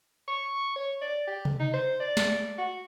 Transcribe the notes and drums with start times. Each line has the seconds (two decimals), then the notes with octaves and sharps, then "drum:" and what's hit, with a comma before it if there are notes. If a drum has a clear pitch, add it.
0.28 C#6
0.76 C#5
1.01 D5
1.27 G4
1.45 drum: tom C3
1.59 D#4
1.73 C5
2.00 D5
2.17 drum: snare
2.58 F#4